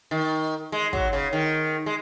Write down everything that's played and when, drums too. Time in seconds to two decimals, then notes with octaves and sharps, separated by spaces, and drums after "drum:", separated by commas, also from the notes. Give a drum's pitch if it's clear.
0.11 D#3
0.72 G#3
0.93 F#3, drum: kick
1.13 C#3
1.33 D#3
1.86 G#3